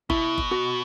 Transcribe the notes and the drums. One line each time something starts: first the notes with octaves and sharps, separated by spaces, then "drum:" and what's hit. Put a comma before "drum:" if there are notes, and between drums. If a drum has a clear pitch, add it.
B2 E4, drum: kick G1
drum: kick G1
F#4